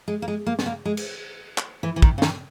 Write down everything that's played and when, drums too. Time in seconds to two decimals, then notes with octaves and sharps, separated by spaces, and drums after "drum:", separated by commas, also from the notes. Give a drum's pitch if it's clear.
0.08 G#3
0.22 A#3
0.28 G#3
0.46 A#3
0.59 B3, drum: snare
0.66 A#3
0.85 G#3
0.97 drum: cymbal
1.58 drum: clap
1.83 E3
1.96 E3
2.02 D#3, drum: kick
2.18 C#3
2.22 D#3, drum: snare